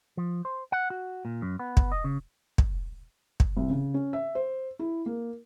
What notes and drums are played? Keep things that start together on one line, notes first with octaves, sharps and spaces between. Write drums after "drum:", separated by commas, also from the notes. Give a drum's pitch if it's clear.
F3
C5
F#5
F#4
A#2
F#2
B3
drum: kick
D#5
C#3
drum: kick
drum: kick
C2
C#3
C#4
E5
C5
E4
A#3